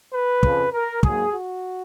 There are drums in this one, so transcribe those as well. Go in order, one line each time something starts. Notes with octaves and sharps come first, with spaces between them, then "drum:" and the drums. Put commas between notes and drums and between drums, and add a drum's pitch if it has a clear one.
B4
F2 C#3 F3, drum: kick
A#4
G#2 F#3 A#3 G#4, drum: kick
F#4